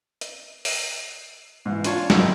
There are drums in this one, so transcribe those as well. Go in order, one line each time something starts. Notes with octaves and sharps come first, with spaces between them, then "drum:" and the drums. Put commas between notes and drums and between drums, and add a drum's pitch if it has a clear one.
drum: hi-hat
drum: open hi-hat
G#2 E3
D4 F4 C#5 A5, drum: hi-hat
G#1 F#2 D#4 E6, drum: snare